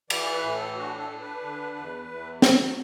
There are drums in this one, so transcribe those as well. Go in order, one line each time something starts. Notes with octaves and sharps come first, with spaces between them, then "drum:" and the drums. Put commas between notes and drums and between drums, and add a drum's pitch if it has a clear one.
E3 D5, drum: cymbal
B4
A2
A4
D4 F#4
A4
D4
B4
D3
E2
E2
F#3, drum: snare